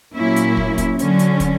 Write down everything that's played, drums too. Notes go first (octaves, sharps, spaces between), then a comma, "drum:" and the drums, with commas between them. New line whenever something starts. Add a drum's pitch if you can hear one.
A#2 F#3 A#3 C#4 E4
drum: hi-hat
drum: kick
drum: kick, hi-hat
D3 F#3 C#4, drum: hi-hat
drum: hi-hat
drum: kick, hi-hat